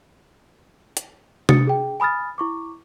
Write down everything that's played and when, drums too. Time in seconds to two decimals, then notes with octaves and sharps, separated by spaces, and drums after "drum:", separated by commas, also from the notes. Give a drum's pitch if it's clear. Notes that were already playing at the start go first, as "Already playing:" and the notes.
0.97 drum: hi-hat
1.49 D#6 A6 C#7, drum: tom C3
1.67 G#4 G5
2.00 G#5 B5 D#6 F6 A6
2.38 E4 C#6 D6